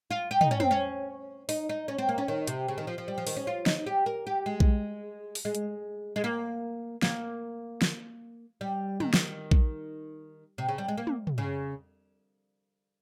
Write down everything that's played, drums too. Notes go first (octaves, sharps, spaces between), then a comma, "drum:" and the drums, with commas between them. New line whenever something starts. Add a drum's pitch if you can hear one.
F4
G4
D#4, drum: tom
C#4
C4, drum: tom
C#4
D#4, drum: open hi-hat
D#4
C#4
C4
A#3
C#4
D#3
C3, drum: hi-hat
C#3
D#3
F3
F3
G3
F3
D#3, drum: open hi-hat
C#4
F4
D#4, drum: snare
G4
A#4
G4
G#3
drum: kick A#1
drum: open hi-hat
G#3
drum: hi-hat
G#3
A#3
A#3, drum: snare
drum: snare
G3
D#3, drum: tom
drum: snare
drum: kick A#1
C3
C#3
G3
G#3
A#3
drum: tom
drum: tom
C#3